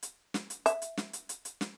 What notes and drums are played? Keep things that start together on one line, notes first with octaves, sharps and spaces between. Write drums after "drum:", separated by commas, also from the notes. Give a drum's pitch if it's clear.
drum: hi-hat
drum: snare
drum: hi-hat
E5, drum: hi-hat
drum: hi-hat
drum: snare
drum: hi-hat
drum: hi-hat
drum: hi-hat
drum: snare